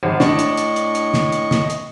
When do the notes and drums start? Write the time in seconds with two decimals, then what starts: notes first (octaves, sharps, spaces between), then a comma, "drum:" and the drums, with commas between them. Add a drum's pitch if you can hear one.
0.03 G#1
0.20 A2 D4 D#5 C#6, drum: snare
0.39 drum: hi-hat
0.57 drum: hi-hat
0.76 drum: hi-hat
0.95 drum: hi-hat
1.14 drum: snare
1.32 drum: hi-hat
1.51 drum: snare
1.70 drum: hi-hat